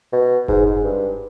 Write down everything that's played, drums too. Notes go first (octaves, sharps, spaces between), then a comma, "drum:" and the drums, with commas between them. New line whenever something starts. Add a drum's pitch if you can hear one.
B2
G#2, drum: kick F#1
G#2
G2